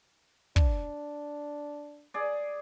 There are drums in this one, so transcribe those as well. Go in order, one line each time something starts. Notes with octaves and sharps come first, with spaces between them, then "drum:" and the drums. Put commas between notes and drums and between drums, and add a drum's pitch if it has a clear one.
D4, drum: kick
G#4 D5